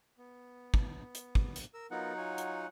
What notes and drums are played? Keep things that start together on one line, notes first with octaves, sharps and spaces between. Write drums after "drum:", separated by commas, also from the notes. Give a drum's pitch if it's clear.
B3
drum: kick
drum: hi-hat
drum: kick
drum: hi-hat
A#4 E6
F#3 B3 D#4 F4 A#4 F#5
F4 C#5 G#5
drum: hi-hat